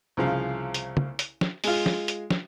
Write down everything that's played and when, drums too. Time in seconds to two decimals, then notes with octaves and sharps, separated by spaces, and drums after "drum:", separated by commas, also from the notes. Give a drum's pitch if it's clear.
0.17 C2 C#3 F3 F5
0.74 drum: hi-hat
0.97 drum: tom
1.19 drum: hi-hat
1.41 drum: snare
1.64 G#3 F4, drum: open hi-hat
1.86 drum: snare
2.08 drum: hi-hat
2.30 drum: snare